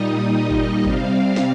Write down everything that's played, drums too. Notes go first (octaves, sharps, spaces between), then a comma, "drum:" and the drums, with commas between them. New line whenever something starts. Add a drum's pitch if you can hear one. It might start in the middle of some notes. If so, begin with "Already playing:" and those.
Already playing: A#2 G3 D#4 D#5
D#5
drum: kick G1
C3 G3 C4 F5, drum: kick G1
F5
drum: snare